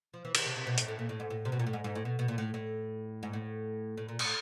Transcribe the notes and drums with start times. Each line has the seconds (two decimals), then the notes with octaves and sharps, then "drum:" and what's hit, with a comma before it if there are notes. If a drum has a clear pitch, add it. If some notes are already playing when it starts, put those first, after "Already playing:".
0.14 F3
0.25 E3
0.35 D#3, drum: cymbal
0.46 C3
0.56 C3
0.67 B2
0.78 A2, drum: hi-hat
0.88 A2
0.99 A#2
1.09 A2
1.20 G#2
1.30 A2
1.45 C3
1.52 B2
1.59 A#2
1.67 A2
1.73 G#2
1.84 G#2
1.95 A2
2.05 B2
2.19 B2
2.28 A#2
2.38 A2
2.54 A2
3.23 G#2
3.33 A2
3.98 A2
4.08 A#2
4.19 A2, drum: cymbal